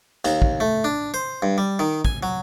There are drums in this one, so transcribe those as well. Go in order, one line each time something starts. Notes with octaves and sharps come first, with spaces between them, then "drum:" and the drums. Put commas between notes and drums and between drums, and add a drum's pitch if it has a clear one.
D#2, drum: hi-hat
drum: kick
A3
D4
C5
G2
G3
D#3
G#5, drum: kick
F#3